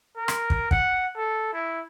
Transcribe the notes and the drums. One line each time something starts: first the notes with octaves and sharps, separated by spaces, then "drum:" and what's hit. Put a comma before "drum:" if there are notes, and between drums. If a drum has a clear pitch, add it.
A#4
drum: rim click
drum: kick
F#5, drum: kick
A4
E4